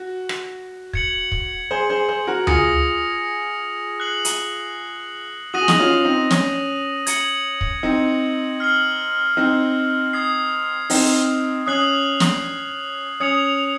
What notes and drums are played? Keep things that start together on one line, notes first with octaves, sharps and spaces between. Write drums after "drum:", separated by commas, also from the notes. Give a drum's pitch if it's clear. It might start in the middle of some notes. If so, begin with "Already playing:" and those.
Already playing: F#4
drum: rim click
G#6 C#7 F#7, drum: kick
drum: kick
G#4 C5
G#4 C5
G#4 C5
F#4 A#4
F4 G#4 D#6 A#6 C#7, drum: tom D2
F#6 C7 F#7
drum: hi-hat
F#4 D#6 A#6 D#7 F#7
G#4
D#4 F#4, drum: snare
C#4 F4
C4 D#4
C#4, drum: snare
G#6 C#7 F#7, drum: hi-hat
drum: kick
C4 D#4
F6 C7 F#7
C4 D#4
D#6 G#6 C7
C4 D#4, drum: open hi-hat
C#4 D#6 F#6 C7 F#7
drum: snare
C#4 D#6 G#6 C#7 F7